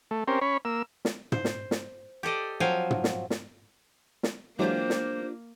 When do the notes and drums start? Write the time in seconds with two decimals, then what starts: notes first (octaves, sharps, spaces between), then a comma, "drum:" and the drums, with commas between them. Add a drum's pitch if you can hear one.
0.11 A3
0.28 C4 C#4 G4 A#4 C5
0.41 C#4 C#5 B5
0.65 A#3 E6
1.05 drum: snare
1.32 C5, drum: tom
1.45 drum: snare
1.71 drum: snare
2.23 G4 A4 D5 D#5
2.60 F3 F#3 C4 F5 G5 G#5
2.91 drum: tom
3.04 drum: snare
3.30 drum: snare
4.23 drum: snare
4.59 E3 F#3 G#3 A#3 D4 F4 G4 C5
4.90 drum: snare